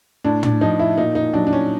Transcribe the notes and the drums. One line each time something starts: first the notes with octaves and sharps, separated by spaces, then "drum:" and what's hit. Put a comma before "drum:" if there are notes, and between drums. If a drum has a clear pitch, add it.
A2 D4
D4, drum: tom
F3 D#4
E4
A#2 D#4
D#4
F#3 D4
D4
C#4